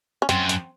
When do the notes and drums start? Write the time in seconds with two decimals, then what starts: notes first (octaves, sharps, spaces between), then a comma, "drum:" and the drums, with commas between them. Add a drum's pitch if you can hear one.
0.22 C#4
0.29 F#2 C4, drum: hi-hat
0.49 drum: hi-hat